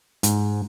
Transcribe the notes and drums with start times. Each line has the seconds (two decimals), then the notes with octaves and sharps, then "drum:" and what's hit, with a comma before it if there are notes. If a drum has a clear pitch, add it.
0.23 G#2, drum: hi-hat